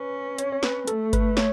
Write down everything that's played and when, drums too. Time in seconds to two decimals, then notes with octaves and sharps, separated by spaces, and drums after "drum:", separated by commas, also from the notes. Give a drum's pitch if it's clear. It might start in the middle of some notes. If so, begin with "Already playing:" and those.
Already playing: C#4 B4
0.38 C#5, drum: hi-hat
0.52 C#5
0.63 B4, drum: snare
0.87 A3 A4, drum: hi-hat
1.13 B4, drum: kick G1, hi-hat
1.37 C#5, drum: snare